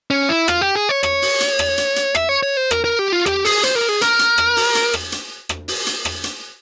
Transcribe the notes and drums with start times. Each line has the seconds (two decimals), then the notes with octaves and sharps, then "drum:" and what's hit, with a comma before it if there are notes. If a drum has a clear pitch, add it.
0.10 C#4
0.29 E4
0.48 F4, drum: rim click
0.61 G4
0.75 G#4
0.89 C#5
1.03 C#5, drum: rim click
1.22 drum: open hi-hat
1.40 drum: hi-hat
1.59 drum: rim click
1.78 drum: hi-hat
1.96 drum: hi-hat
2.15 E5, drum: rim click
2.29 C#5
2.43 C#5
2.57 C5
2.71 A#4, drum: rim click
2.84 A#4
2.99 G4
3.12 F4
3.26 G4, drum: rim click
3.45 G#4, drum: open hi-hat
3.64 C5, drum: hi-hat
3.76 A#4
3.89 G#4
4.01 A#4, drum: hi-hat
4.19 drum: hi-hat
4.38 drum: rim click
4.56 drum: open hi-hat
4.75 drum: hi-hat
4.94 drum: rim click
5.12 drum: hi-hat
5.49 drum: rim click
5.68 drum: open hi-hat
5.86 drum: hi-hat
6.05 drum: rim click
6.24 drum: hi-hat